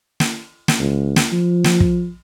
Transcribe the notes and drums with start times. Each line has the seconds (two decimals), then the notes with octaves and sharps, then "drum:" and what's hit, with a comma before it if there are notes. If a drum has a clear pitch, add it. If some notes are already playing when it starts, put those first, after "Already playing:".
0.20 drum: snare
0.68 drum: snare
0.79 C#2
1.16 drum: snare
1.32 F3
1.64 drum: snare
1.80 drum: kick